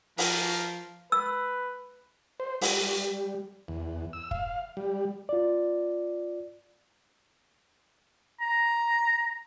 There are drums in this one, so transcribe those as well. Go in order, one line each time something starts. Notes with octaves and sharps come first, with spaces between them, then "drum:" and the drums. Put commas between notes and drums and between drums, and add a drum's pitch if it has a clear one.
F3 A#4, drum: open hi-hat
B4 E6
C5
G3, drum: open hi-hat
E2
E6
F5, drum: kick
G3
F4 D5
A#5